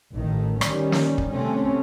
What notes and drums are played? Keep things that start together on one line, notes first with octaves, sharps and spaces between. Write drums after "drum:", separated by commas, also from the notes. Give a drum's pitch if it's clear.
A1 A2 D#3
D#3 G3 C#4, drum: rim click
drum: snare
drum: kick
C3 A3 C4 C#4